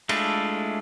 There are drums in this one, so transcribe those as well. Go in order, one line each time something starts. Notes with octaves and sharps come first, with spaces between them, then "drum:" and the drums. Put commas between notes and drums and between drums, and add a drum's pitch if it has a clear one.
G#3 A3 D4 E4 F4, drum: cymbal